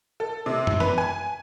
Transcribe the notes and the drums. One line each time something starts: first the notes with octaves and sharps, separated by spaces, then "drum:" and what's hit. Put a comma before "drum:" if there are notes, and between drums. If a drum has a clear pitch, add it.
A4
C3
drum: tom F#2
B4, drum: snare
G#5